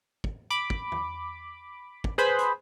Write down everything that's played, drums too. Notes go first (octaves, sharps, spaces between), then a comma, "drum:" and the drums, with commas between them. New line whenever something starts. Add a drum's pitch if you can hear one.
drum: kick
B5 D6
drum: kick
drum: tom E2
drum: kick
G#4 B4 C5 B5
drum: hi-hat